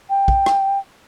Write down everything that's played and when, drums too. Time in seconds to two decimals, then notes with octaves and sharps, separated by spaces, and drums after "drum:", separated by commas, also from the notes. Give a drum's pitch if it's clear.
0.10 G5
0.28 drum: kick
0.46 drum: rim click